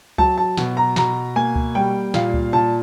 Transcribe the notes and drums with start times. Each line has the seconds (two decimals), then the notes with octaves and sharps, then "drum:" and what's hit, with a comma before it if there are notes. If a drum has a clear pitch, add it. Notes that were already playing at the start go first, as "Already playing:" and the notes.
0.18 F#3 A5, drum: kick C#2
0.38 A5
0.58 B2, drum: snare
0.77 A#5
0.96 B2 A#5, drum: snare
1.36 A#3 G#5
1.55 drum: kick C#2
1.75 G3 G5
2.14 A#2 F5, drum: snare
2.34 drum: kick C#2
2.53 A#2 A5